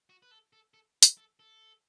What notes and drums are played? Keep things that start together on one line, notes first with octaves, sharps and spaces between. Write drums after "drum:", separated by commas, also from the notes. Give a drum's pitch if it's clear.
F#4
B4
A4
A4
A4
B4, drum: hi-hat
A4
A4